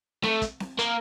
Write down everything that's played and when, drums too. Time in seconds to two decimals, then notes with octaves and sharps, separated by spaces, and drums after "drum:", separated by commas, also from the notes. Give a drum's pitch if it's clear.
0.23 A3, drum: snare C4
0.42 drum: kick, hi-hat
0.60 drum: snare C4
0.79 A#3, drum: hi-hat